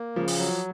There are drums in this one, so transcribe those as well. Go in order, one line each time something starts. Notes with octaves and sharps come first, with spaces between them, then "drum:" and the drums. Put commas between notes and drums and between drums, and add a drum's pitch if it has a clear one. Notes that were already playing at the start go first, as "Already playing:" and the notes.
Already playing: A#3
C#3 F3
drum: open hi-hat
F#3